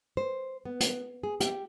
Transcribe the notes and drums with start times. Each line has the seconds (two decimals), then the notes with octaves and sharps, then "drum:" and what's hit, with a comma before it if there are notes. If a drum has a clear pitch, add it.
0.17 C5
0.65 B3
0.80 drum: hi-hat
1.23 G#4
1.40 G4, drum: hi-hat